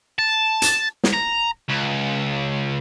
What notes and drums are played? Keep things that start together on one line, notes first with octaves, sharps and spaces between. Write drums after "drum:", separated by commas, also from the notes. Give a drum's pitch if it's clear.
A5
drum: hi-hat
drum: snare
A#5
C#2